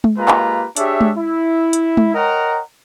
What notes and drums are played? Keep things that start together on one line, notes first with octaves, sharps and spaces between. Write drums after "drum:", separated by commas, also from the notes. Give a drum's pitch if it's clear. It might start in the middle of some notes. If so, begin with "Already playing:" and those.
drum: tom G#3
G#3 A#3 F4 G4 B4 A#5
drum: clap
D4 G4 G#4 C#5 E5, drum: hi-hat
drum: tom G#3
E4
drum: hi-hat
drum: tom G#3
A#4 C#5 D#5 F#5 G5 A#5